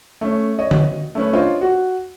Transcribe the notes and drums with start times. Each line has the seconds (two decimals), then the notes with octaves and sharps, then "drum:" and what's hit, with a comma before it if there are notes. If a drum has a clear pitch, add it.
0.21 A3 C#4
0.59 C#5 D#5
0.71 drum: tom D3
1.15 A3 C#4 B4
1.33 D4 F4 C5 C#5 D#5
1.61 F#4